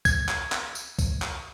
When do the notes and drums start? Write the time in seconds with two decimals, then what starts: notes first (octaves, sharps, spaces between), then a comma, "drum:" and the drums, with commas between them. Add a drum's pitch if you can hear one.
0.05 G#6, drum: kick C2, tambourine
0.29 drum: clap
0.52 drum: clap
0.75 drum: tambourine
0.99 drum: kick C2, tambourine
1.22 drum: clap